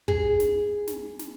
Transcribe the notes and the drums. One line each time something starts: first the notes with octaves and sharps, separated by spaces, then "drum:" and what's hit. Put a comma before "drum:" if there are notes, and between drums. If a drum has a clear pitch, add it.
G#4, drum: kick
drum: snare
drum: snare
drum: snare